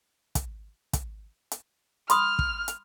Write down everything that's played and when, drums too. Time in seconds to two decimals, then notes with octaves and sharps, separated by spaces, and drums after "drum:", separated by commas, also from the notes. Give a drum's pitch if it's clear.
0.35 drum: kick, hi-hat
0.93 drum: kick, hi-hat
1.51 drum: hi-hat
2.10 B5 C6 D#6 F6, drum: hi-hat
2.39 drum: kick
2.68 drum: hi-hat